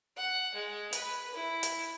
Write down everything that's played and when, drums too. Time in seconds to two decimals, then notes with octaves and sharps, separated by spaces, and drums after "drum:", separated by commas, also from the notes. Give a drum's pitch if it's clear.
0.17 F#5
0.54 G#3
0.93 B4, drum: hi-hat
1.34 E4
1.63 drum: hi-hat